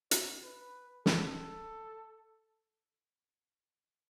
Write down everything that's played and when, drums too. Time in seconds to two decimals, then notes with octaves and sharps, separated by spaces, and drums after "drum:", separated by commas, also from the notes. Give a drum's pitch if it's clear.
0.11 C#5, drum: hi-hat
0.43 B4
1.06 A4, drum: snare